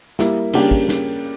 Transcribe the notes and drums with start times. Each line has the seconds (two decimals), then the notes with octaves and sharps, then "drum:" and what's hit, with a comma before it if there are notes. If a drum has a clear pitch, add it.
0.19 G3 A#3 E4, drum: snare
0.53 C#3 G3 A#3 D4 G4, drum: cymbal
0.71 drum: kick
0.89 drum: snare